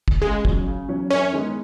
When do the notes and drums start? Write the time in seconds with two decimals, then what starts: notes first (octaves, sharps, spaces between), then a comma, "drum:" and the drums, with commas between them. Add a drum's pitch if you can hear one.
0.08 drum: kick
0.22 C#3 G#3
0.45 F#3 C#4, drum: kick
0.67 C#3
0.89 F#3 C#4
1.10 F#2 C#4
1.33 D#3 G#3 B3 D#4